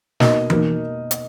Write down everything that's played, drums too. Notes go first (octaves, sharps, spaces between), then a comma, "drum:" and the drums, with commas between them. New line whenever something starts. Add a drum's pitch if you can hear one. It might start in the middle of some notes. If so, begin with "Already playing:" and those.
B2 A#3 D#4 D#5, drum: snare
B2 A#3 D#4, drum: tom E3
drum: hi-hat